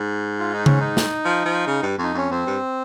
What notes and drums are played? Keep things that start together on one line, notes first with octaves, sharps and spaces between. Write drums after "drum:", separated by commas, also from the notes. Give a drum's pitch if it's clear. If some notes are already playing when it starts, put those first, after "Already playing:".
Already playing: G#2
F4
D#4
C#4, drum: tom C#3
D#4
drum: snare
F3
F3
C#3
G2
F2
D#4
F2 C#4
F2 C4
G2